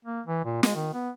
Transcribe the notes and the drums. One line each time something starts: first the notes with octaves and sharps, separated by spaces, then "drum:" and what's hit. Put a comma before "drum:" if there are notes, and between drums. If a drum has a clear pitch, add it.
A#3
E3
A#2
G#3, drum: snare
D#3
B3